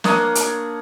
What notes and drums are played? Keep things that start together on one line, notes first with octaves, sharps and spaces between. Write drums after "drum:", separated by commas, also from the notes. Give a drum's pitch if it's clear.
A#3 D4 C#5 D#6, drum: snare
drum: hi-hat